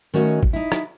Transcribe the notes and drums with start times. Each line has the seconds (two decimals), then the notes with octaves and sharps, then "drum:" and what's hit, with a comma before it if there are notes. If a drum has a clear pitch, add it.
0.14 D#3 A3 C#4 F#4 C#5 D#5
0.43 drum: kick
0.53 D#4 E4
0.72 drum: rim click